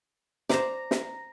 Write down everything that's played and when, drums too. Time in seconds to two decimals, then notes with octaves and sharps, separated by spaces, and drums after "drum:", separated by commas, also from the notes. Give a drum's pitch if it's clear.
0.49 C5 D5 A#5 A#6, drum: snare
0.91 drum: snare